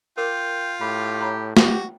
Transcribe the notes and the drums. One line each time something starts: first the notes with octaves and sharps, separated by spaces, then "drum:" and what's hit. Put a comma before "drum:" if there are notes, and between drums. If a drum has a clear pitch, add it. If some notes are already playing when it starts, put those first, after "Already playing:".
F4 A#4 G5 D6
A2 G4 B5
C#5 A#5 B5
F#4 G4 G5, drum: snare